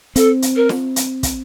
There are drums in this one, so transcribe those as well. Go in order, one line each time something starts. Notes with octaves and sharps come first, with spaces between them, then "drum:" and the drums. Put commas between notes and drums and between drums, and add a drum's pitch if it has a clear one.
C4 A4, drum: hi-hat
drum: hi-hat
A#4
drum: snare
drum: hi-hat
drum: kick, hi-hat